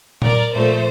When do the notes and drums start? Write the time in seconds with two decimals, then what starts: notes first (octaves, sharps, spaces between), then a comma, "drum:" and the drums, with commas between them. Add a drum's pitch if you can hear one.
0.22 A#4 D5, drum: tom A#2
0.54 A#2 F3 A3 C5